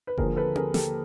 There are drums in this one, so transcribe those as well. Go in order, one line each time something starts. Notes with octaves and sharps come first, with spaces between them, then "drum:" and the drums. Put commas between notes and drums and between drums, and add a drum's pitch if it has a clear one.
B4
D#2 D3 F3 G#4 A#4, drum: kick F#1
A4 B4
G#4 A#4, drum: tom C4
G4 A4, drum: snare